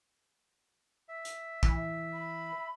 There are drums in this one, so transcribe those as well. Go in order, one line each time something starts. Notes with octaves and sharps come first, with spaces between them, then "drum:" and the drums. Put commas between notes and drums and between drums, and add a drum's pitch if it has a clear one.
E5
drum: hi-hat
E3, drum: kick
B5